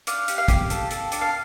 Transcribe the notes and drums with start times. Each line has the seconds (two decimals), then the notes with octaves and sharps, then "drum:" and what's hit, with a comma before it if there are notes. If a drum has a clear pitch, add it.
0.07 D4 F5, drum: hi-hat
0.28 G4, drum: hi-hat
0.38 F5
0.48 G4, drum: kick, hi-hat
0.70 A4, drum: hi-hat
0.91 A4, drum: hi-hat
1.12 D4, drum: hi-hat
1.21 F5